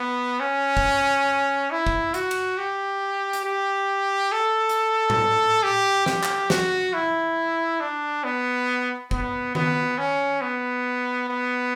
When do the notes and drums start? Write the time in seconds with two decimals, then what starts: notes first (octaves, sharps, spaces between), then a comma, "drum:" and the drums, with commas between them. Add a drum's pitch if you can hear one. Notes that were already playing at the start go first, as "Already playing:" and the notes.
Already playing: B3
0.40 C#4
0.77 drum: kick
1.71 E4
1.87 drum: kick
2.14 F#4, drum: hi-hat
2.31 drum: cymbal
2.58 G4
3.33 drum: hi-hat
3.45 G4
4.32 A4
4.69 drum: hi-hat
5.10 drum: tom A2
5.63 G4
6.06 G4, drum: snare
6.23 drum: clap
6.50 F#4, drum: snare
6.93 E4
7.80 D4
8.24 B3
9.11 B3, drum: kick
9.55 B3, drum: tom D#3
9.98 C#4
10.41 B3
11.29 B3